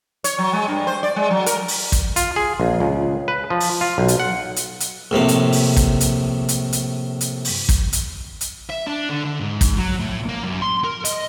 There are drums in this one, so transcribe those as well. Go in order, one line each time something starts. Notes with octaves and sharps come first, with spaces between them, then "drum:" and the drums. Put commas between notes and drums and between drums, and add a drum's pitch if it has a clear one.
C#5, drum: hi-hat
F#3
G#3
G2
C5
D5
G#3
F#3
A#4, drum: hi-hat
drum: open hi-hat
drum: kick, hi-hat
F4, drum: hi-hat
G#4
A#1
C#2
B4
F3
drum: open hi-hat
F4
B1
drum: hi-hat
F#5
drum: hi-hat
drum: hi-hat
A#1 A2 C3 F5
drum: hi-hat
drum: open hi-hat
drum: kick, hi-hat
drum: hi-hat
drum: hi-hat
drum: hi-hat
drum: hi-hat
drum: open hi-hat
drum: kick, hi-hat
drum: hi-hat
drum: hi-hat
E5
D4
D3
D3
G#2
drum: kick, hi-hat
F#3
A2
A#3
F#2
C6
A#4
D#5, drum: hi-hat